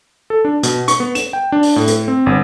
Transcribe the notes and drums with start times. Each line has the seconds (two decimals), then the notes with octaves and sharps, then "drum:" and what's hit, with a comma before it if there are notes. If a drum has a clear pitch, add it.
0.30 A4
0.45 D4
0.63 B2, drum: hi-hat
0.88 C#6, drum: hi-hat
1.00 B3
1.15 E7, drum: hi-hat
1.33 G5
1.52 D4
1.63 drum: open hi-hat
1.76 A2
1.88 drum: hi-hat
2.08 C4
2.26 G1